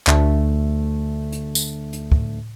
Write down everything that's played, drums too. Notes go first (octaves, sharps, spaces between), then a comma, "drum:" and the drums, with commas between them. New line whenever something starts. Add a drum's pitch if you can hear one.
D2 A3, drum: clap
drum: hi-hat
drum: tambourine
drum: hi-hat
drum: kick